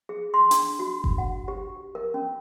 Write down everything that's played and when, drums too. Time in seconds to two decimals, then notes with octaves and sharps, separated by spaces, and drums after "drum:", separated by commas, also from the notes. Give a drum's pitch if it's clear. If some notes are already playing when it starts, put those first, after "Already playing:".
0.09 G#4
0.34 C6
0.51 D4, drum: hi-hat
0.79 F#4
1.04 drum: kick G1
1.18 F#5
1.48 G4
1.95 A#4
2.14 C#4